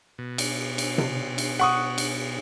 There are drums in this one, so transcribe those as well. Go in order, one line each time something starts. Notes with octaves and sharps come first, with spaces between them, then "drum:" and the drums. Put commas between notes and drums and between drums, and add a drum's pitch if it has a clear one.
B2
drum: cymbal
drum: cymbal
drum: tom C3
drum: cymbal
F#5 C#6 D#6
drum: cymbal